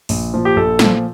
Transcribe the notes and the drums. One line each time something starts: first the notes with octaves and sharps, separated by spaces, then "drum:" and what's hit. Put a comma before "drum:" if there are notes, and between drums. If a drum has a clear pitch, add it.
A#1, drum: open hi-hat
A#2 F3
G4
A#1 A4
A#2 F3, drum: snare